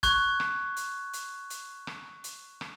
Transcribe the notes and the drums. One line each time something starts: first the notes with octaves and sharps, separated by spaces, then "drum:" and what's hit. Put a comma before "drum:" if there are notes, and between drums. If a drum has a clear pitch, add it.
C#6 F#6 G#6, drum: kick, hi-hat
drum: rim click
drum: hi-hat
drum: hi-hat
drum: hi-hat
drum: rim click
drum: hi-hat
drum: rim click